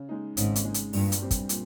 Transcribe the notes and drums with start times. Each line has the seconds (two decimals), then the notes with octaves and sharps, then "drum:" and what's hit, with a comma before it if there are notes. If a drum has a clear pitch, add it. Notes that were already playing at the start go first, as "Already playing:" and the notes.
Already playing: C#3
0.09 G#3 D#4
0.37 G#1 G#2 C#3, drum: hi-hat
0.56 drum: hi-hat
0.65 G#3 D#4
0.74 drum: hi-hat
0.93 G2 A#2, drum: open hi-hat
1.12 drum: hi-hat
1.21 G3 C4 G4
1.31 drum: kick, hi-hat
1.49 A#2, drum: hi-hat